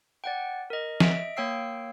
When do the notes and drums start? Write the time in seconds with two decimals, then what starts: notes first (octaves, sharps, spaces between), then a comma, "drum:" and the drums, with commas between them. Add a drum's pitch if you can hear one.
0.24 D5 F#5 G5
0.70 A#4 D#5
1.00 D#5 E5 D7, drum: snare F3
1.36 A#3 C#5 G5 E6 C7